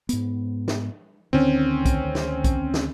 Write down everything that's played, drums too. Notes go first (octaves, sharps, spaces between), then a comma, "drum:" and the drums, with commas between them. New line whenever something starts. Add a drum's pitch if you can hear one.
G#2 B3, drum: hi-hat
drum: snare
D2 D3 D#3 C4 C#4
drum: kick B1, hi-hat
drum: snare
drum: kick B1, hi-hat
drum: snare